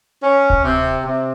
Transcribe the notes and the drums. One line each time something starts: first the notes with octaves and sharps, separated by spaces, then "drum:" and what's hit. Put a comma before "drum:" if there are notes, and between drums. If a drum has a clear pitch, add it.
C#4
drum: kick D1
C3
C3